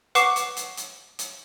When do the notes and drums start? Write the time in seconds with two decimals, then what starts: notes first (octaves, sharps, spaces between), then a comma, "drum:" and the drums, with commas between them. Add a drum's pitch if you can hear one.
0.15 B4 F#5 C#6 D6 C7 E7, drum: hi-hat
0.36 drum: hi-hat
0.57 drum: hi-hat
0.77 drum: hi-hat
1.19 drum: hi-hat